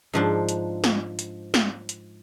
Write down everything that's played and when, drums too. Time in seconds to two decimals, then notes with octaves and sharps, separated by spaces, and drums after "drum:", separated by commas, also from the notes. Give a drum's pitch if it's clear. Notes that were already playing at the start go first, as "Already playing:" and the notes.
0.13 G#2 F3 D4
0.49 drum: hi-hat
0.84 drum: snare
1.19 drum: hi-hat
1.54 drum: snare
1.89 drum: hi-hat